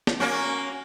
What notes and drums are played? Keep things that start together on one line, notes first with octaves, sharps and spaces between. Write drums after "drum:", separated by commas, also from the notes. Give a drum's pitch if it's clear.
drum: snare
A#3 C#4 F#4